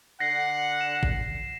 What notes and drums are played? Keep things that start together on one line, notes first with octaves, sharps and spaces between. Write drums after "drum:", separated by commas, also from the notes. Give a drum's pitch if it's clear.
D3 F#5 A#6 C7
E7
drum: kick